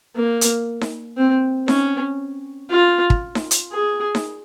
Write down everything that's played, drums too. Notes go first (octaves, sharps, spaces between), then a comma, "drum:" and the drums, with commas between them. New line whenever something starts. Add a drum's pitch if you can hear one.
A#3
drum: hi-hat
drum: snare D#4
C4
C#4, drum: snare D#4
F4
drum: kick
drum: snare D#4
drum: hi-hat
G#4
drum: snare D#4